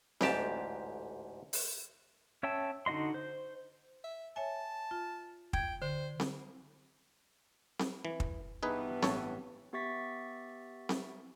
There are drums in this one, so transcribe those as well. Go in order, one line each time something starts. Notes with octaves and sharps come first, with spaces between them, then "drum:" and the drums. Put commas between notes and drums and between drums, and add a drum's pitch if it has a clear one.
A1 D2 G#2 G4 A5, drum: snare C4
drum: open hi-hat
C#4 C#5 E5 G5 A5
D3 D#4 F#4 D#5 C6
C5
E5
C#5 E5 G#5 A5
F4
G5 G#6, drum: kick
D3 C5
drum: snare C4
drum: snare C4
E3
drum: kick
G2 E3 B3 D#4 G#4 B4
A1 A4 C#5, drum: snare C4
B3 G4 E5 C#6 A6 B6
drum: snare C4